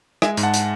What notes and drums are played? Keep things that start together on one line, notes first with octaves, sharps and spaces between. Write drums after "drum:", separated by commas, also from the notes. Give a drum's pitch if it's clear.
G#3 E5 G#5, drum: rim click
G#2, drum: hi-hat
F#5 A5
drum: hi-hat